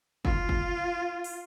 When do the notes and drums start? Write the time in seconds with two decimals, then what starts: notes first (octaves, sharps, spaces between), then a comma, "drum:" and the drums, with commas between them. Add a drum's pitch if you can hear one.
0.25 F4, drum: kick
0.49 drum: kick
1.24 drum: open hi-hat